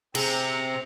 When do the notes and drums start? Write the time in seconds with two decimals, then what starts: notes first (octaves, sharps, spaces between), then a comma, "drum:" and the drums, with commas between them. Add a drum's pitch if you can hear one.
0.15 C3 C4 G#4 A#5, drum: cymbal